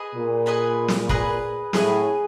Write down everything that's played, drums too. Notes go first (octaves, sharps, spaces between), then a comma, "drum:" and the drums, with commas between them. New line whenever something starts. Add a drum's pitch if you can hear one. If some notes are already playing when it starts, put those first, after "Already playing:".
Already playing: G#4 B4 D#5 G#5
A#2
G#4 B4 D#5 G#5
drum: snare
G#4 B4 D#5 G#5, drum: kick
A2 G#4 B4 D#5 G#5, drum: snare